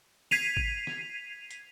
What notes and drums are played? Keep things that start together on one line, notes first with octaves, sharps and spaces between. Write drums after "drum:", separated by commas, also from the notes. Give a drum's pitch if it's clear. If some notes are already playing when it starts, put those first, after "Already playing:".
G#6 B6 C7 D#7 F7, drum: snare
drum: kick A1
drum: snare
drum: hi-hat